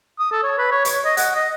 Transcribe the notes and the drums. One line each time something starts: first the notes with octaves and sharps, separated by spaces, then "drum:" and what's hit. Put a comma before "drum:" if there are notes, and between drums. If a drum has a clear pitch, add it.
D#6
A4
C#5
B4
C#5
C#5, drum: hi-hat
D#5
F#5, drum: hi-hat
D#5